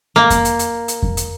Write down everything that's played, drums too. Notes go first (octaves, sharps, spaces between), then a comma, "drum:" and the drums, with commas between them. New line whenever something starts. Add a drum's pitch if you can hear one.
A#3
drum: kick F2, hi-hat
drum: hi-hat
drum: hi-hat
drum: hi-hat
drum: kick F2
drum: hi-hat